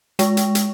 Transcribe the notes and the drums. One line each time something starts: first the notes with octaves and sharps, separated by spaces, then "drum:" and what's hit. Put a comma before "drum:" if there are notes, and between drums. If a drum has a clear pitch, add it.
G#3, drum: hi-hat
drum: hi-hat
drum: hi-hat